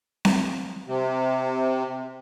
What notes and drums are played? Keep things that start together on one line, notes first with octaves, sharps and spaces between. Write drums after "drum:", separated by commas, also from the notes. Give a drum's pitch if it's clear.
drum: snare C4
C3